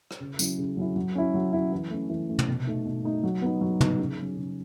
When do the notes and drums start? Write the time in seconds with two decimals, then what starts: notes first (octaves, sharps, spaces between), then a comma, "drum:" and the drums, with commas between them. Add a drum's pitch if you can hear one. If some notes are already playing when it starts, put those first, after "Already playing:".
0.11 drum: rim click
0.20 C#3
0.39 F#3 C#4 E4, drum: tambourine
0.58 C#3
0.77 F#3 C#4 E4
0.96 F#3
1.15 C#4 E4
1.34 F#3
1.53 C#4 E4
1.72 E3
1.91 A3 C#4
2.10 E3
2.29 A3 C#4
2.39 drum: tom
2.48 B2
2.67 A3 D#4
2.85 B2
3.04 A3 D#4
3.23 F#3
3.42 B3 D#4
3.61 F#3
3.81 B3 D#4, drum: tom
3.99 C#3
4.18 F#3 C#4
4.37 C#3